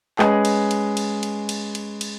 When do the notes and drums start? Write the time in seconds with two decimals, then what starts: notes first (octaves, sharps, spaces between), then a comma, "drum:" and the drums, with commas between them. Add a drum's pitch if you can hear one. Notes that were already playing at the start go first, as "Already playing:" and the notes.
0.19 G#3 C#4 G#4 B4 D#5, drum: clap
0.45 drum: cymbal
0.71 drum: cymbal
0.97 drum: cymbal
1.23 drum: cymbal
1.49 drum: cymbal
1.75 drum: cymbal
2.01 drum: cymbal